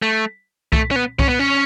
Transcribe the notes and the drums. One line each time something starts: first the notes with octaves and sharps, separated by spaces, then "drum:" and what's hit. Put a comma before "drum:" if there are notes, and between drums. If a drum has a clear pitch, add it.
A3
A3, drum: kick C2
C#4
B3
C#4, drum: kick C2
B3
C#4